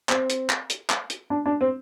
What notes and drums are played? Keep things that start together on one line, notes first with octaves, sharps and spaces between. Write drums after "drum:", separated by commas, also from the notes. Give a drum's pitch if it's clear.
C4, drum: clap
drum: hi-hat
drum: clap
drum: hi-hat
drum: clap
drum: hi-hat
D4
D4
C4